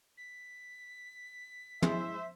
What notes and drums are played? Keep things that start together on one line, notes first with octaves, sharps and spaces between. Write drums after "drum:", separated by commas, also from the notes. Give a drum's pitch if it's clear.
B6
G#3 E4 G#4 C5 E5, drum: tom